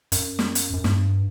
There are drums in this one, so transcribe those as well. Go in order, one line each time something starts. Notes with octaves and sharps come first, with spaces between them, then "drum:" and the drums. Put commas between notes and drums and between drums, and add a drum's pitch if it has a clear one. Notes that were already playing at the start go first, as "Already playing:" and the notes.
F#2, drum: hi-hat
drum: snare
drum: hi-hat
F#2
G2, drum: snare